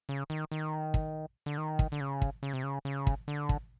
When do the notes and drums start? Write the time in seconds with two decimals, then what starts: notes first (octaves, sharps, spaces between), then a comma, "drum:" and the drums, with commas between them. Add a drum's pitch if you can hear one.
0.09 C#3
0.30 D#3
0.52 D#3
0.94 drum: kick
1.46 D3
1.58 D#3
1.79 drum: kick
1.92 D3
2.00 C#3
2.22 drum: kick
2.43 C#3
2.53 C3
2.63 C#3
2.85 C#3
3.07 drum: kick
3.28 D3
3.49 drum: kick